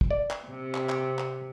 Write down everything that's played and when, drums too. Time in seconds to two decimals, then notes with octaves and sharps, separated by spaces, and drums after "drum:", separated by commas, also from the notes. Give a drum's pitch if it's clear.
0.01 drum: kick
0.11 D5
0.30 drum: clap
0.45 C3
0.75 drum: clap
0.89 drum: clap
1.19 drum: clap